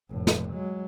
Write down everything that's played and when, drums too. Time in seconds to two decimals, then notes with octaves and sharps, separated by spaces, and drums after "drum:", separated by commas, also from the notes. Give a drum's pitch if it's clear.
0.10 F1 A2
0.27 drum: snare
0.54 F#3 G#3